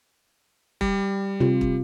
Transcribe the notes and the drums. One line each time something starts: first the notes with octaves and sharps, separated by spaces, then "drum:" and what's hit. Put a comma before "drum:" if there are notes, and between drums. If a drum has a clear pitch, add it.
G3, drum: kick
C3 F4
drum: kick